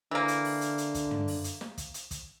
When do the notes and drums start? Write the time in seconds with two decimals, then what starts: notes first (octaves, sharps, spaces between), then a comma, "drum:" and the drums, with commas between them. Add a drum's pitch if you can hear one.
0.11 D3 E3 A#3
0.28 drum: hi-hat
0.45 drum: open hi-hat
0.61 drum: hi-hat
0.78 drum: hi-hat
0.94 drum: kick, hi-hat
1.11 drum: tom
1.28 drum: open hi-hat
1.44 drum: hi-hat
1.61 drum: snare
1.78 drum: kick, hi-hat
1.94 drum: hi-hat
2.11 drum: kick, hi-hat